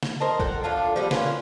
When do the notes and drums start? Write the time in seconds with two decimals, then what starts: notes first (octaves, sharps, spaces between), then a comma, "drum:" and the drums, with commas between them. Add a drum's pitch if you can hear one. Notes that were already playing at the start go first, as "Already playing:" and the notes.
0.03 drum: snare
0.20 A#4 C5 D#5 A5
0.40 A4 A#4 F#5 G5, drum: kick
0.64 A2 D4 F4 A4
0.96 F3 G3 A3 B3
1.11 A#2 C#4 F4 B4, drum: snare